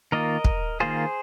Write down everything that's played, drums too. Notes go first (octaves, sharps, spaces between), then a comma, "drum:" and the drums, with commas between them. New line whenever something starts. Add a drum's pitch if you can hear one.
D#3 A#3 F4 A#4 D#5
drum: kick
D#3 A#3 F4 G#4 C5